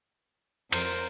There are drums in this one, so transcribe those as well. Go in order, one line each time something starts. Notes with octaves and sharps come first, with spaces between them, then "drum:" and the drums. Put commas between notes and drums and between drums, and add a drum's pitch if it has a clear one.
F2 A#4 C5, drum: cymbal